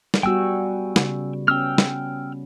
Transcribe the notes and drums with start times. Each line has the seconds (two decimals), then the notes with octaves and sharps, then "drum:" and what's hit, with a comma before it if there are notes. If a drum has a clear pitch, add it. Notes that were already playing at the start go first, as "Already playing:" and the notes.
0.14 drum: snare
0.23 G3 B3 F#4 G5 G#5 E6
0.96 C#3, drum: snare
1.48 B3 C#4 G5 E6 F6
1.78 drum: snare